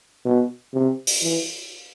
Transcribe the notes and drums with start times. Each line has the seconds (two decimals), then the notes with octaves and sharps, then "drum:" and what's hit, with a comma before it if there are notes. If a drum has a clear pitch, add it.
0.25 B2
0.73 C3
1.07 drum: open hi-hat
1.22 E3